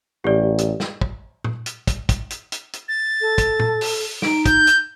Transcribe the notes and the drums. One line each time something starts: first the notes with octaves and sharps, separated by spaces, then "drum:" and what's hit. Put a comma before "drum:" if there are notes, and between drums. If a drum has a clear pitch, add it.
A1 G4 D5
drum: hi-hat
drum: snare
drum: kick
drum: tom
drum: hi-hat
drum: kick, hi-hat
drum: kick, hi-hat
drum: hi-hat
drum: hi-hat
drum: hi-hat
A6
A4
drum: kick, hi-hat
drum: tom
drum: open hi-hat
D#4 D7, drum: snare
G6, drum: kick, hi-hat
drum: hi-hat